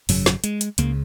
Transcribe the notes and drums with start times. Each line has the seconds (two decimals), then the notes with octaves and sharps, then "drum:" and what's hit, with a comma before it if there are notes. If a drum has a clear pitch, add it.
0.09 G#1 F#2 C#3 F#3, drum: open hi-hat
0.26 drum: snare
0.44 G#3, drum: hi-hat
0.61 drum: hi-hat
0.78 C#2 C#3 A#3, drum: hi-hat